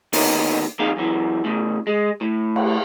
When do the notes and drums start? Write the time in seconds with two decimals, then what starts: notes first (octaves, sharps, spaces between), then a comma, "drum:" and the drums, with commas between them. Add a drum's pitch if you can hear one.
0.13 D3 D#3 A#3 B3 C#4 D#4, drum: open hi-hat
0.79 F2 A#3 D#4 G#4 F5
0.97 F#2 E3
1.44 A2 C#3
1.87 G#3
2.21 A2
2.56 drum: cymbal